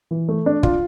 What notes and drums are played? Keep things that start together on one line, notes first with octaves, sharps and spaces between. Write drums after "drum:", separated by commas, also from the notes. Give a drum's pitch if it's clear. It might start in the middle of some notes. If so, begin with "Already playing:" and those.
E3
A3
D4
F4, drum: kick